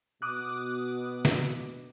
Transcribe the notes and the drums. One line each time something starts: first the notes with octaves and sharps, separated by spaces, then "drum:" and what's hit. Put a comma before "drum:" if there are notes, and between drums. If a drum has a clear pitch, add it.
B2 D6 D#6 F#6
drum: snare